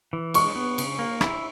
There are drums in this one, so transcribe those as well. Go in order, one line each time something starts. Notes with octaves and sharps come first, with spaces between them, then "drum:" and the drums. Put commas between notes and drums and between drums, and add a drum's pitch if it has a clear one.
E3
G#3 C#6, drum: cymbal
B3
C#3, drum: cymbal
A#3
E4, drum: rim click